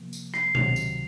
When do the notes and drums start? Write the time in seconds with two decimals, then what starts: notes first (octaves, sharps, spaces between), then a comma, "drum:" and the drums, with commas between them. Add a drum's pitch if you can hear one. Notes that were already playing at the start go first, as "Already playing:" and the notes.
Already playing: C3 F3 A#3
0.13 drum: tambourine
0.34 C7, drum: rim click
0.55 C#2 C3 D#3 F#3 F7, drum: tom B2
0.76 drum: tambourine